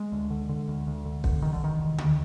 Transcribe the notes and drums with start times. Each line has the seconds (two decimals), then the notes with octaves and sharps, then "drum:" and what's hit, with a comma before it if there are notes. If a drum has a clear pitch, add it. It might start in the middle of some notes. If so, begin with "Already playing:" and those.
Already playing: G#3
0.12 D2
0.30 D3
0.49 D3
0.68 D2
0.87 D2
1.05 D3
1.24 D3, drum: kick
1.42 C3 D#3
1.53 D3
1.62 E1 D#3
1.80 E1
1.98 D2, drum: tom D3